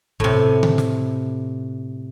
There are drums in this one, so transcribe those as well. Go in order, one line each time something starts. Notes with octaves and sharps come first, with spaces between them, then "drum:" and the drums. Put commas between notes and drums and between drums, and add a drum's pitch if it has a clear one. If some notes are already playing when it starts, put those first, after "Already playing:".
A2 C3, drum: kick
drum: tom C#3
drum: snare